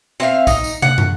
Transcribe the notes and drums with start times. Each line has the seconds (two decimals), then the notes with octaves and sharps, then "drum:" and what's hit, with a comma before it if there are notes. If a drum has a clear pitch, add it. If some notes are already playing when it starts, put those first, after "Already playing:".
0.20 C4 E5 F5
0.47 D#4, drum: kick B1, tambourine
0.64 drum: tambourine
0.82 F#5, drum: tom
0.98 drum: tom